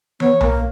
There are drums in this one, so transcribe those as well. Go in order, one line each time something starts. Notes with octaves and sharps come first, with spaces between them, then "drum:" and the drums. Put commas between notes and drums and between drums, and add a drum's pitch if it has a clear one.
B3 C#5, drum: tom
A#3, drum: tom B1